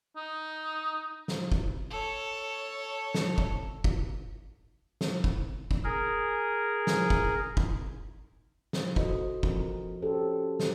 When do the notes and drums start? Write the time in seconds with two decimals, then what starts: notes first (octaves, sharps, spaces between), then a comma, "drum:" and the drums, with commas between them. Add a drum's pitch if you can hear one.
0.16 D#4
1.28 drum: snare
1.52 drum: kick
1.90 A4 C#5
3.15 drum: snare
3.38 drum: kick
3.84 drum: kick
5.01 drum: snare
5.24 drum: kick
5.71 drum: kick
5.84 G#4 A#4
6.87 drum: snare
7.10 drum: kick
7.57 drum: kick
8.73 drum: snare
8.96 E4 F#4 A4 C5 D#5, drum: kick
9.43 F3 C4 A#4, drum: kick
10.02 C#4 G4 A4 C5
10.60 drum: snare